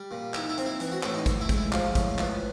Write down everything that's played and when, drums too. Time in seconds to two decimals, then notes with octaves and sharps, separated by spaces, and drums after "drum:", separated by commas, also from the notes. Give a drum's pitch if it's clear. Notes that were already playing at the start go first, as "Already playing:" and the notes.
Already playing: G3
0.11 A#2
0.34 D#4 E4, drum: clap
0.49 E4
0.57 C4, drum: hi-hat
0.66 E4
0.80 E3, drum: hi-hat
0.92 F#4
1.03 A2 E4, drum: clap
1.14 D#4
1.26 A2, drum: kick, hi-hat
1.41 E4
1.49 G#3, drum: kick, hi-hat
1.57 E4
1.72 F3 F4, drum: clap
1.95 A2, drum: kick, hi-hat
2.18 B3 F4, drum: clap